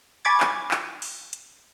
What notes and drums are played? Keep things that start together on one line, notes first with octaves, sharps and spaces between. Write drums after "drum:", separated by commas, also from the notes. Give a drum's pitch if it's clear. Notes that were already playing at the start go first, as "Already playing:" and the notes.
G#5 B5 C#6 D6 G#6 A6
drum: clap
drum: clap
drum: open hi-hat
drum: hi-hat